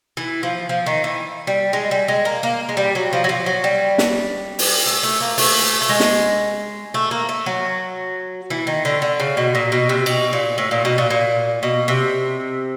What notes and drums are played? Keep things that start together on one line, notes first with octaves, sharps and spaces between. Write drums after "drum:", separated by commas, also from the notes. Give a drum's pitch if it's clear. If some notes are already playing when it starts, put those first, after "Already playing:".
E3
F3
F3
D#3
E3
G3
G#3
G3
G#3
A#3
A#3
G#3
G3
F#3
F3
F#3
F3
F#3
G3
drum: snare
drum: open hi-hat
A3
A3
A#3
A3, drum: open hi-hat
A3
G#3
drum: snare
A3
A#3
A3
F#3
E3
D#3
D3
D3
C#3
B2
A#2
B2
C3
B2, drum: cymbal
A#2
A2
A#2
B2
A#2
A#2
B2
C3